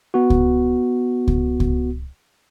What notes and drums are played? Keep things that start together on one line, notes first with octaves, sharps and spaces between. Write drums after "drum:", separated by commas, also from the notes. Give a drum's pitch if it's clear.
B3 F#4
drum: kick C#2
drum: kick C#2
drum: kick C#2